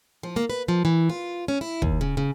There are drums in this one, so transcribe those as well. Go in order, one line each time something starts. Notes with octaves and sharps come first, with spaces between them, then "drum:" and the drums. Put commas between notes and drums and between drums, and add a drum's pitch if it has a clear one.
F3
A#3, drum: snare
B4
F3
E3
F4
C#4
E4
D#2, drum: kick
C#3
C#3